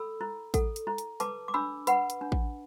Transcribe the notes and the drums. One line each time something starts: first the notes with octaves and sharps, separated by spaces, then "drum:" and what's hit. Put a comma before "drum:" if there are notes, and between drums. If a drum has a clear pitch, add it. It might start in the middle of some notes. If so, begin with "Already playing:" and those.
Already playing: A4 B5 E6
E4
A4, drum: kick A1, hi-hat
drum: hi-hat
E4
drum: hi-hat
B4 A5 D6, drum: hi-hat
D6
D4 B5 E6
B4 F#5 B5, drum: hi-hat
drum: hi-hat
D4
drum: kick A1